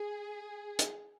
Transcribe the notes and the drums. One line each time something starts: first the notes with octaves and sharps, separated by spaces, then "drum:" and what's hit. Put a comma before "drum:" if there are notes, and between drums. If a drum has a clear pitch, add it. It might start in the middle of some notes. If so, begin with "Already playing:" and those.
Already playing: G#4
drum: hi-hat